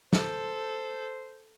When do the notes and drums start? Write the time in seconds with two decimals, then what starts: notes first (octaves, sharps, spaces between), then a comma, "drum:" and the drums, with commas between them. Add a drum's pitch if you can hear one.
0.13 A4 C5, drum: snare